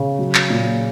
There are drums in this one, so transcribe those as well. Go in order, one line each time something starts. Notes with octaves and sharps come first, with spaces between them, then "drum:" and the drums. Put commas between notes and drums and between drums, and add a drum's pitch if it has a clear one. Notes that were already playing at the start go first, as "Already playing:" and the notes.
Already playing: C#3
F#3
drum: clap
A#2